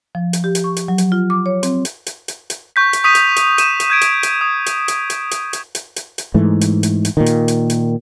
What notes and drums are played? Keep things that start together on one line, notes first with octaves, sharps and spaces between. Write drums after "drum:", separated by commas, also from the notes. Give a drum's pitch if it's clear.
F3
drum: hi-hat
G4
drum: hi-hat
C#6
drum: hi-hat
F#3
drum: hi-hat
F4
D6
C#5
C4, drum: hi-hat
drum: hi-hat
drum: hi-hat
drum: hi-hat
drum: hi-hat
C#6 G6 B6
drum: hi-hat
C#6 D#6 B6 D#7 F7
drum: hi-hat
drum: hi-hat
D#7 E7, drum: hi-hat
drum: hi-hat
G6 G#6 D7
drum: hi-hat
drum: hi-hat
D#6
drum: hi-hat
drum: hi-hat
drum: hi-hat
drum: hi-hat
drum: hi-hat
drum: hi-hat
drum: hi-hat
drum: hi-hat
G#2 E3 A3
drum: hi-hat
drum: hi-hat
drum: hi-hat
A#2 D#3
drum: hi-hat
drum: hi-hat
drum: hi-hat